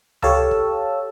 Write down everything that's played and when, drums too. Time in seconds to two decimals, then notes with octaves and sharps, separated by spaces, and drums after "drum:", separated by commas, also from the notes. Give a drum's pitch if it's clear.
0.22 G4 A4 C#5 F5 A5 E6, drum: tom C#2
0.51 drum: kick